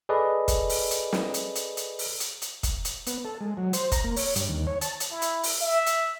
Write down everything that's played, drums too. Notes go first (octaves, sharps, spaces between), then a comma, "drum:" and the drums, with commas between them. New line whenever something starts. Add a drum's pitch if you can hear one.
G#4 A4 B4 D5 D#5
drum: kick, hi-hat
drum: open hi-hat
drum: hi-hat
drum: snare
drum: hi-hat
drum: hi-hat
drum: hi-hat
drum: open hi-hat
drum: hi-hat
drum: hi-hat
drum: kick, hi-hat
drum: hi-hat
B3, drum: hi-hat
A4
G#3
F#3
C5, drum: hi-hat
A#5, drum: kick, hi-hat
A#3
C#5, drum: open hi-hat
G2, drum: hi-hat
D#2
C#5
A5, drum: hi-hat
drum: hi-hat
E4
drum: hi-hat
drum: open hi-hat
E5
drum: hi-hat